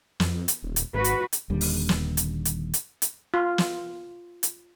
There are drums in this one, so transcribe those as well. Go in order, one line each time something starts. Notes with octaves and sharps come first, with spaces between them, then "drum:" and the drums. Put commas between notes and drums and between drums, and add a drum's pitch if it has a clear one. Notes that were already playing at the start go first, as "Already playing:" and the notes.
F2, drum: snare
drum: hi-hat
D#1
drum: hi-hat
G#1 F#4 B4
drum: hi-hat
drum: hi-hat
D#1 D#2 D3 G3
drum: open hi-hat
drum: snare
drum: hi-hat
drum: hi-hat
drum: hi-hat
drum: hi-hat
F4
drum: snare
drum: hi-hat